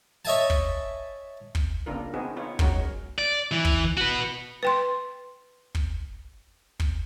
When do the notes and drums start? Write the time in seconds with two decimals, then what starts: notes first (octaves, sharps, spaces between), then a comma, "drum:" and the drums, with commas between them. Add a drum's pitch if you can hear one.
0.25 C#5 D#5 E5 G#5 A5
0.50 drum: kick
1.55 drum: kick
1.86 C#3 A#3 B3 D4 F4 A#4
2.14 B3 C4 D#4 F#4 G#4
2.36 B3 D#4 F4 C#5
2.59 F#3 G#3 C#4 F#4 A#4 C#5, drum: kick
3.19 D5
3.52 E3
3.65 drum: kick
3.97 F#4 B4
4.63 B4 G5 C6
5.75 drum: kick
6.80 drum: kick